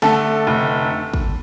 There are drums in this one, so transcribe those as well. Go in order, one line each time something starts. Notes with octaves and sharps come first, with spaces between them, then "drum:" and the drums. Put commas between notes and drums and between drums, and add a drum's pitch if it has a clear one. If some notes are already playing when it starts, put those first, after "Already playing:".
D3 A3 A4, drum: snare
F1
drum: kick